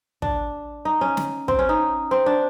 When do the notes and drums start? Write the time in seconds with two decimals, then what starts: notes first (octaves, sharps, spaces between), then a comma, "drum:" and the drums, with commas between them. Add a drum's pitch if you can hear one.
0.22 D4, drum: kick
0.85 D#4
1.01 C#4
1.17 drum: snare
1.48 C4, drum: kick
1.59 C#4
1.69 D#4
2.11 C4
2.26 D4